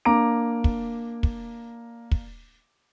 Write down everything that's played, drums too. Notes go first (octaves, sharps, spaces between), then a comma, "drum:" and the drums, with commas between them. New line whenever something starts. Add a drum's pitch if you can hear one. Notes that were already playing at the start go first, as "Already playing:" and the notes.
A#3 D4 A#5 D6 D7
drum: kick
drum: kick
drum: kick